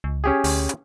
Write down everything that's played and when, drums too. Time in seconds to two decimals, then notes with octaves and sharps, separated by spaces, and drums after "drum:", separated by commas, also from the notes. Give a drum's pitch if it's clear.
0.04 C#2
0.24 C#4 G4 G#4
0.44 D2, drum: open hi-hat
0.69 drum: hi-hat